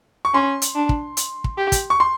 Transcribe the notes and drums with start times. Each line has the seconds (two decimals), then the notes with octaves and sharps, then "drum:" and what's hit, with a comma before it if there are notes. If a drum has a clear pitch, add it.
0.25 C#6
0.34 C#4 C6
0.62 drum: hi-hat
0.75 D4
0.89 drum: kick
1.17 drum: hi-hat
1.44 drum: kick
1.58 G4
1.72 drum: kick, hi-hat
1.90 C#6
2.00 C6